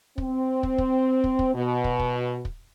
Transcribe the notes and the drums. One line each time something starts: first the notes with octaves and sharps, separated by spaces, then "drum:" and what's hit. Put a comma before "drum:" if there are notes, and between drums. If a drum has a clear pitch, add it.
C4, drum: kick
drum: kick
drum: kick
drum: kick
drum: kick
B2
drum: kick
drum: kick
drum: kick